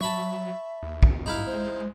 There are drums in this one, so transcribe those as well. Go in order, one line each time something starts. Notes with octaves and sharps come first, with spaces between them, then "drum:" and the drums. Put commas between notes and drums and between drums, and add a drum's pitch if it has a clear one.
F#3 E5 A5 B5 C#6
D#2
drum: kick
G2 D#4 E4 F5
G#3 C5